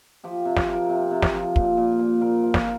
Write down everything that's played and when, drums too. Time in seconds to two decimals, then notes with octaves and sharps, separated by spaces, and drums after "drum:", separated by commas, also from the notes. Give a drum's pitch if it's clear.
0.24 F3 G4
0.45 C3
0.57 drum: snare
0.68 F3 A#4
0.89 C3
1.11 C3
1.23 drum: snare
1.34 F3
1.56 A#2, drum: kick
1.77 A#2
1.99 A#2
2.21 A#2 A#4
2.43 F3
2.54 A#4, drum: snare